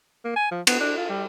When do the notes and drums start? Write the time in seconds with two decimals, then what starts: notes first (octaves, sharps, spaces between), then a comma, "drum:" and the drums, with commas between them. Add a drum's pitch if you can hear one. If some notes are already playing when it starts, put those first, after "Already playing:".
0.25 A#3
0.36 G#5
0.51 F3
0.67 B3, drum: cymbal
0.80 D4
0.97 F4
1.09 G3